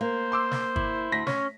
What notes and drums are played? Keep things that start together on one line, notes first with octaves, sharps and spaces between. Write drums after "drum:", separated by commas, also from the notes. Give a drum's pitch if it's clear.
A#3 C5
C6 D6 E6
drum: snare
E4, drum: kick
D2 C6 A#6 B6
C#4 C#5, drum: snare